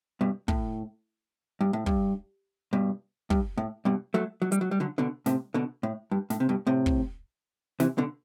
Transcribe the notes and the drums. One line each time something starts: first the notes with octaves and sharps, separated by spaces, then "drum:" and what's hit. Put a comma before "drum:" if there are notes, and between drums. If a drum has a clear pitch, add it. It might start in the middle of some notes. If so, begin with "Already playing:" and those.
G2 B2
A2, drum: kick
G2
A2
G2, drum: kick
G2 B2
G2, drum: kick
A2
G2 B2
F#3 A3
F#3
G3, drum: hi-hat
F#3
G3
D3 F#3
B2 D3
A2 C3, drum: snare
B2 D3
A2
G2
A2, drum: snare
C3
G2 B2
A2 C3
drum: kick
C3 E3, drum: snare
B2 D3